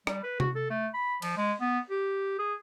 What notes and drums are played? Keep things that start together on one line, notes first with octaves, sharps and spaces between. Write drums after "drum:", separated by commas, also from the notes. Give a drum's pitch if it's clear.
G3, drum: rim click
B4
F#4, drum: tom C3
A4
A3
B5
F3, drum: cymbal
G#3
B3
G4
G#4